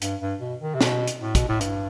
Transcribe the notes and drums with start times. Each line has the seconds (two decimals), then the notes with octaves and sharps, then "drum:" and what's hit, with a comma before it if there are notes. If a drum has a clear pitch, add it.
0.01 G2, drum: hi-hat
0.21 G2
0.41 B2
0.61 D#3
0.75 C3
0.81 B2, drum: snare
1.07 drum: hi-hat
1.21 A2
1.35 B2, drum: kick, hi-hat
1.48 A2
1.61 G2, drum: hi-hat